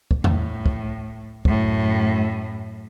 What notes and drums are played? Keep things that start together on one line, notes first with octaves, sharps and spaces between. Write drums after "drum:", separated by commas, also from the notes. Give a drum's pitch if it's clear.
drum: kick
A2, drum: tom E2
drum: kick
F#2 A2, drum: kick